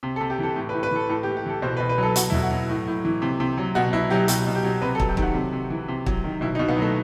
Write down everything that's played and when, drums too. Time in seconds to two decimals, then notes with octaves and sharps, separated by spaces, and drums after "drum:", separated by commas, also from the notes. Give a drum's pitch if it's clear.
0.03 C3
0.16 A4
0.21 C3
0.30 G4
0.39 E3 A4
0.56 A2
0.69 B4
0.74 A2
0.83 B4
0.91 E3 A4
1.09 A2 A4
1.23 G4
1.27 A2
1.37 G4
1.46 E3 A4
1.62 B2 C5
1.77 B4
1.80 B2
1.89 B4
1.98 F#3 A4
2.16 B2 F#4, drum: hi-hat
2.30 E4, drum: tom
2.34 B2
2.43 F#4
2.51 F#3
2.69 A2
2.87 A2
3.05 E3
3.22 C3
3.40 C3
3.57 F#3
3.75 B2 F#4
3.93 B2 E4
4.10 F#3 G4
4.28 B2 G4, drum: hi-hat
4.47 B2
4.55 G4
4.64 F#3
4.82 C3 B4
4.95 A4
5.00 F#3, drum: kick
5.08 G4
5.17 D#3, drum: kick
5.22 F#4
5.34 C3
5.52 C3
5.70 E3
5.88 C3
6.06 F#3, drum: kick
6.24 D#3
6.41 B2 E4
6.55 D#4
6.59 B2
6.68 B3
6.77 F#3
6.82 A3